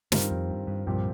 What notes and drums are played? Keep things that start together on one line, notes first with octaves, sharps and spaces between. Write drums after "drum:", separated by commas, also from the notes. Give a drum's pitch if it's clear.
G2 D#3 G3 C4 F4 A#4, drum: snare
F2
G2
G2
C2 G2 A#2 F3 C4 G4